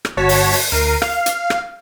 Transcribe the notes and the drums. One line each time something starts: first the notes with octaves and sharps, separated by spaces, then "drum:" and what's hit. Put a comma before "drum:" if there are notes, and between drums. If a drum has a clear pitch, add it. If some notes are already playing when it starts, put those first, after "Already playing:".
drum: rim click
G1 F#4 C#5 A5 B6
drum: open hi-hat
drum: open hi-hat
D2 A#4 C7 D#7
F5, drum: rim click
drum: hi-hat
drum: rim click